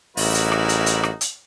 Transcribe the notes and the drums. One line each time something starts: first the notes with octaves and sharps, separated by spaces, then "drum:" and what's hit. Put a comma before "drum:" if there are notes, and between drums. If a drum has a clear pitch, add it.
A1 G3 D#4 E4 F#4 G#4 A#4, drum: open hi-hat
drum: hi-hat
drum: rim click
drum: hi-hat
drum: hi-hat
drum: rim click
drum: hi-hat